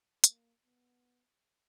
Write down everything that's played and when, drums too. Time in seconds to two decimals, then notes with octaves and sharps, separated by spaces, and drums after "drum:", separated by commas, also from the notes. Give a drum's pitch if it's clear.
0.24 A#3, drum: hi-hat
0.65 B3